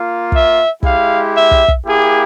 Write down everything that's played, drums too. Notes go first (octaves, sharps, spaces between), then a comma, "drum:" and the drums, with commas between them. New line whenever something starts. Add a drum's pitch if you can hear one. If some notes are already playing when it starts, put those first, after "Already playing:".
Already playing: A#3 F4
E5, drum: kick
G#3 E4 G4 F5, drum: kick
E5
drum: kick
drum: kick
A#3 E4 G4 G#4